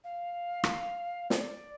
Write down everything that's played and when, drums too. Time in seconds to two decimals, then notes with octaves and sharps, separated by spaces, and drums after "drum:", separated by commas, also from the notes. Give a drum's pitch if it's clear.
0.03 F5
0.64 drum: rim click
1.30 C5, drum: snare
1.40 D5